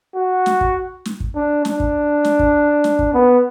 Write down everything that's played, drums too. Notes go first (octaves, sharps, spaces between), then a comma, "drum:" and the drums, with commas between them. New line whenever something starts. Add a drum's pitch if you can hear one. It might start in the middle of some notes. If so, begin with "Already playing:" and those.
F#4
drum: snare
drum: kick
drum: snare
drum: kick
D4
D4, drum: snare
drum: kick
drum: snare
drum: kick
drum: snare
drum: kick
B3